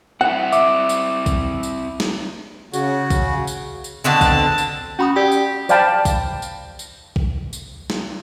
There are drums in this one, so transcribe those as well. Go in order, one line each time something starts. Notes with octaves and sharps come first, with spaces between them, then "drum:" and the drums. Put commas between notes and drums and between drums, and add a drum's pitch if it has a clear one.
C4 E4 F#5
E5 D6, drum: tambourine
drum: tambourine
drum: kick B1, tambourine
drum: tambourine
drum: snare
C#3 F#4, drum: tambourine
drum: kick B1, tambourine
drum: tambourine
drum: tambourine
B2 D3 C4 A5
drum: kick B1, tambourine
drum: tambourine
C#4 F#4 B5 D#6
G4 D5 E6
drum: tambourine
C5 D5 F5 G5 A5 B5, drum: tambourine
drum: kick B1, tambourine
drum: tambourine
drum: tambourine
drum: kick B1
drum: tambourine
drum: snare